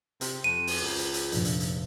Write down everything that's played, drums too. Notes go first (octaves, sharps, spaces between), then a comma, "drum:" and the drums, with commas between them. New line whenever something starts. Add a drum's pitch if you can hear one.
C3, drum: hi-hat
F2 D#7
drum: open hi-hat
C#2
drum: hi-hat
drum: hi-hat
F1 A#1, drum: hi-hat
drum: hi-hat
drum: hi-hat